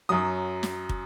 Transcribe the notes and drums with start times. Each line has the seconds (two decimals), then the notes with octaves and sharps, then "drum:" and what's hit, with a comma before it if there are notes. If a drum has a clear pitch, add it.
0.09 F#2 F#3 D#6
0.63 drum: snare
0.89 drum: kick